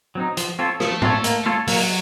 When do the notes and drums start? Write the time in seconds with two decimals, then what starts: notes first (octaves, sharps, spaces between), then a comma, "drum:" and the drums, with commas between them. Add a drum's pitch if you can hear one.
0.15 F#3 C4 D#4
0.37 F3, drum: hi-hat
0.59 C4 F4 A4 C#5
0.80 F3 A3, drum: rim click
1.02 C4 F4 A4 C#5, drum: tom
1.24 A#3, drum: hi-hat
1.46 F4 A4 C#5
1.67 F#3 A#3, drum: open hi-hat